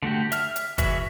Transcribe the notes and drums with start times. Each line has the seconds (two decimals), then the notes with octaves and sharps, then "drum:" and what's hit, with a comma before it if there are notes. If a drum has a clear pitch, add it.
0.03 D3 A3 F#4 G4
0.32 E5 F6, drum: hi-hat
0.56 drum: hi-hat
0.78 E3 G#3 F#4 B4 E5, drum: kick, hi-hat